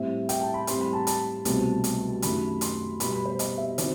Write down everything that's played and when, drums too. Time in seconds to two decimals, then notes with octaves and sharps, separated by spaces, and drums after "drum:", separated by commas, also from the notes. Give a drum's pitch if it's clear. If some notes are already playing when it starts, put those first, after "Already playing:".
Already playing: A2 G3 C4 E5
0.29 G5, drum: hi-hat
0.41 A5
0.54 B5
0.67 A2 G3 C4 C6, drum: hi-hat
0.81 B5
0.93 A5
1.07 A5, drum: hi-hat
1.45 C2 B2 F#3 A3 C4, drum: hi-hat
1.84 drum: hi-hat
2.22 F#2 D#3 F#3 A3 B5, drum: hi-hat
2.61 C6, drum: hi-hat
3.00 B2 G3 B3 B5, drum: hi-hat
3.12 B5
3.25 C5
3.39 D#5, drum: hi-hat
3.58 E5
3.78 D#3 F#3 C4 C5, drum: hi-hat